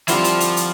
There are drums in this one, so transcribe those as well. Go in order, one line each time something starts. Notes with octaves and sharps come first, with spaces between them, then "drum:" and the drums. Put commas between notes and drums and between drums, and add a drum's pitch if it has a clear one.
D3 F3 G3 C4 E4, drum: hi-hat
drum: hi-hat
drum: hi-hat
drum: hi-hat